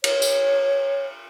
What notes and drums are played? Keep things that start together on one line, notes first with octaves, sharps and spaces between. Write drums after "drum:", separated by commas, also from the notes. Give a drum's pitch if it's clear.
C#5, drum: cymbal
drum: tambourine